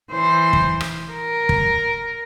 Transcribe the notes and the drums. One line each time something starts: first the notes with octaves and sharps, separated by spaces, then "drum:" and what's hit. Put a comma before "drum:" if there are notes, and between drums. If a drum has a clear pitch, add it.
E3 C5
drum: kick
drum: rim click
A#4
drum: kick